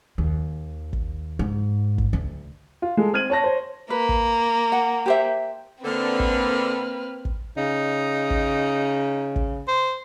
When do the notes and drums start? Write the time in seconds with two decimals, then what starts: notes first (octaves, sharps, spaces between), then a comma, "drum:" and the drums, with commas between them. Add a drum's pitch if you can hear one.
0.18 D#2
0.93 drum: kick
1.39 G#2
1.98 drum: kick
2.13 D2
2.82 F4
2.97 G#3 A4
3.13 C4 F6 G#6 D#7 F#7
3.30 C#5 A5 A#6
3.44 C5 C#5
3.90 A#3 B4
4.09 drum: kick
4.72 F#5
5.06 G4 C5 E5
5.84 D3 A#3 C4 B4 F6
6.20 drum: kick
7.25 drum: kick
7.57 C#3 D#4
8.30 drum: kick
9.36 drum: kick
9.68 C5